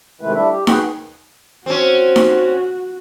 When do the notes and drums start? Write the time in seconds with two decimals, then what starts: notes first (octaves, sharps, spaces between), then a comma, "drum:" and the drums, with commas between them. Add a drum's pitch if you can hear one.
0.21 C3 D#3 G#3 A3 E4 B4
0.34 G3 A3 D4 E4 E5
0.51 G4
0.67 F#4 G#4 B4 G5, drum: snare D#4
1.66 C4 C#4 F#4
2.16 drum: snare D#4